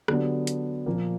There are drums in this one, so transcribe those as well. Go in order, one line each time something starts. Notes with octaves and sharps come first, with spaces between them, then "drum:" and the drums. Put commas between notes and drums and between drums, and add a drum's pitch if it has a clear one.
D3 F#3 B3 D4 G4, drum: rim click
drum: hi-hat
A#2 F3 A#3